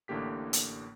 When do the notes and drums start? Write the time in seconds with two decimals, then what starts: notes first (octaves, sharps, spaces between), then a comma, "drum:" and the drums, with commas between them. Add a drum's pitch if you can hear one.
0.08 A1 A2 D3 A#3 G4 B6
0.53 drum: hi-hat